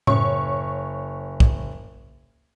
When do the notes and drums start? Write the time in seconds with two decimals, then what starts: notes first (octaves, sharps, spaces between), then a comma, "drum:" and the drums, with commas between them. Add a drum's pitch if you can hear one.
0.07 F#1 C#5 C#6, drum: tom A2
1.40 drum: kick